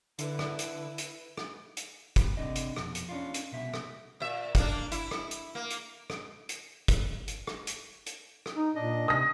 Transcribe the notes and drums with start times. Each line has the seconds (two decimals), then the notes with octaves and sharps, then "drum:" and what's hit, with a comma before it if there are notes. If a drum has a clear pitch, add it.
0.19 D3 E4 B4, drum: hi-hat
0.39 drum: rim click
0.59 drum: hi-hat
0.98 drum: hi-hat
1.37 drum: rim click
1.77 drum: hi-hat
2.16 drum: kick, hi-hat
2.37 C3 D4 D#5
2.56 drum: hi-hat
2.76 F2 B2, drum: rim click
2.95 drum: hi-hat
3.09 C#4 D4 F4
3.34 drum: hi-hat
3.52 C2 B2 E5
3.74 drum: rim click
4.20 A#2 E5
4.55 A#3 D4, drum: kick, hi-hat
4.92 E4, drum: hi-hat
5.11 drum: rim click
5.31 drum: hi-hat
5.55 A#3
5.70 drum: hi-hat
6.10 drum: rim click
6.49 drum: hi-hat
6.88 drum: kick, hi-hat
7.28 drum: hi-hat
7.47 drum: rim click
7.67 drum: hi-hat
8.06 drum: hi-hat
8.46 drum: rim click
8.55 D#4
8.75 A#2 D4 D#5
9.08 C3 D#6 A#6